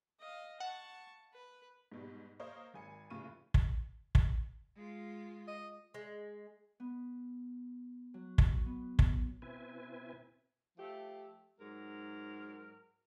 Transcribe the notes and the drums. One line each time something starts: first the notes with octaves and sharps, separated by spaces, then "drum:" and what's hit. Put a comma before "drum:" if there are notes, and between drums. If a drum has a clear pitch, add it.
D#5 F5
F#5 A5 C#6
B4
G#2 B2 G3
A#3 A#4 C5 C#5 D#5 F5
G#1 G#5 C#7
F1 A2 C#3 F4 C#6 D#7
drum: kick
drum: kick
G#3 F4
D#5
G#3
B3
F#3
drum: kick
B3
drum: kick
B2 C4 E4 B4 G#5
F3 A3 G4
G#2 F#3 A#4